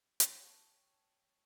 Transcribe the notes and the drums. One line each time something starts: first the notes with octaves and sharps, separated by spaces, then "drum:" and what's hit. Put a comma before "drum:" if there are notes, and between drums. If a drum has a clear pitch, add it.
C#5 G5 A5 C#6, drum: hi-hat